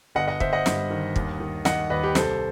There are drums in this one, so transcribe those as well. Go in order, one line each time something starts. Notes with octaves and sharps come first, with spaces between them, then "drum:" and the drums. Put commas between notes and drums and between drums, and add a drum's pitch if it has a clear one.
G1 D#5 F#5
D#5 F#5
G1 C5 E5, drum: kick
D#5 F#5
G2, drum: snare
D#3
D#2, drum: kick
D#3
D#3 D#5 F#5, drum: snare
D#2 B4 D#5
G4 B4
C2 A4 C5, drum: snare